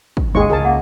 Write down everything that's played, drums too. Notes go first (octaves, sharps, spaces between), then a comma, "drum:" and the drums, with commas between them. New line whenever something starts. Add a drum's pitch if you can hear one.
drum: kick
D#2 G#2 D#3 G#3 G#4 C#6
C#2 G#4 A#4 A5
A#3 F#5